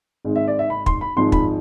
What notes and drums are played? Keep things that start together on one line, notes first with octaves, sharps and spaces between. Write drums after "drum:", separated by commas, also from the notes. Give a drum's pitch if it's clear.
G#1 G#2 G#3
E5
D5
E5
B5
C6, drum: kick
B5
G#1 G#2 F3 G#3 C6
B5, drum: kick